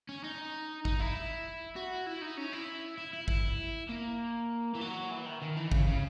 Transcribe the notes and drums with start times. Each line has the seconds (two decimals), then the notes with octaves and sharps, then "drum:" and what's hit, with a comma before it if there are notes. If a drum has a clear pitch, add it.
0.09 C#4
0.24 D#4
0.85 D#4, drum: kick G#1
1.00 E4
1.76 F#4
2.06 E4
2.22 D#4
2.37 C#4
2.53 E4
2.98 E4
3.13 E4
3.28 E4, drum: kick G#1
3.89 A#3
4.75 E3
4.81 F#3
5.11 E3
5.26 D#3
5.42 D#3
5.56 E3
5.72 C#3, drum: kick G#1
5.87 C#3